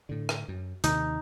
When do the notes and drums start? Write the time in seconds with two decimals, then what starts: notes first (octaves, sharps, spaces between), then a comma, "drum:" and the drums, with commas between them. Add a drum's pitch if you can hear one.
0.09 A2 D3
0.29 drum: rim click
0.48 F#2
0.84 D#2 C3 D#3 D#4, drum: hi-hat